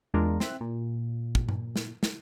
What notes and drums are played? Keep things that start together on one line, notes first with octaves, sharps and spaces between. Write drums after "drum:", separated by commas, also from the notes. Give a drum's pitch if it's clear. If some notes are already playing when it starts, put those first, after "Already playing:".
E2 G#3 D4 F4 A#4
C4 E5 F#6, drum: snare
A#2
drum: kick
drum: tom G2
drum: snare
drum: snare